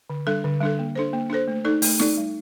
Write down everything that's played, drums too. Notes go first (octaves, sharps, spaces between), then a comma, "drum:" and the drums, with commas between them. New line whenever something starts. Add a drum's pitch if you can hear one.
D3
G3 D4 A4
D3
G3 D4 A4
A#3
D4 A4 C5
A#3
D4 A4 C5
A3
D#4 A4 D5
A3, drum: open hi-hat
D#4 A4 D5, drum: snare
G3